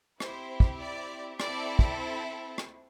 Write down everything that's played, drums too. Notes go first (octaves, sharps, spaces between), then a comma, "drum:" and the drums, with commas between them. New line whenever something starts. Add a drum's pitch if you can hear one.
C4 E4 G4 C5, drum: rim click
drum: kick
D5
C4 E4 A4 D5, drum: rim click
drum: kick
drum: rim click